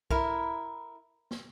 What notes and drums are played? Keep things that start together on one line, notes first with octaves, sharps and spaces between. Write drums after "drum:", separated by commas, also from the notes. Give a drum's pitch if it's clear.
E4 A#4, drum: kick B1
drum: snare